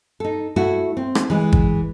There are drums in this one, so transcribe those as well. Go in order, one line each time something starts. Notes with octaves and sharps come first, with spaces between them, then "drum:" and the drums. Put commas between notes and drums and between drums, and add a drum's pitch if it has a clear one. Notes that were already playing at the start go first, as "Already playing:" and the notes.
D#4 A4
A3 E4 F#4
C4
drum: rim click
E3 G#3
drum: kick